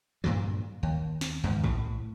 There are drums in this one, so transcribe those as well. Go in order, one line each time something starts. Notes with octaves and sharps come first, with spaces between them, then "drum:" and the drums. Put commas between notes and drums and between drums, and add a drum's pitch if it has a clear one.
G2 A#2 D3 F#3
D#2
drum: snare
E2 G#2 D#3
A2, drum: kick